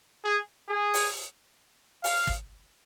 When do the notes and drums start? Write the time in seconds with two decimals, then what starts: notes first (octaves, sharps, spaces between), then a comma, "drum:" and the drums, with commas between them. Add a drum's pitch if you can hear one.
0.24 G#4
0.69 G#4
0.94 drum: open hi-hat
2.04 F5, drum: open hi-hat
2.27 drum: kick